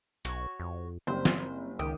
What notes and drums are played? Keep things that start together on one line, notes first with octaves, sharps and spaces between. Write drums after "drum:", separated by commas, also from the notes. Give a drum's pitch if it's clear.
B1 F#4 C#5, drum: hi-hat
F2
F#1 G3 C4 C5
drum: snare
C#2 D#3 G4 D#6